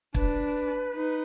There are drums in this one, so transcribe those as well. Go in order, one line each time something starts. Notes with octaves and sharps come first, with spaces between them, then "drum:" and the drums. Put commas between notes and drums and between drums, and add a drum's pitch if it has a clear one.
D4 B4, drum: kick
D#4